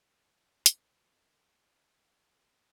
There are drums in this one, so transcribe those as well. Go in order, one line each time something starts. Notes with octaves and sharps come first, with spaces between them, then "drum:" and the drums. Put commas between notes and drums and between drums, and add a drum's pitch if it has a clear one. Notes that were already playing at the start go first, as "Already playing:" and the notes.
F#2 F3 A#3 C#4
F#2 F3 A#3, drum: hi-hat
F2 D#3 G#3 B3 D#4
F4
G#4
F2 D#3 G#3 B3
A#2 G#3 B3
A#2 G#3 B3 F#4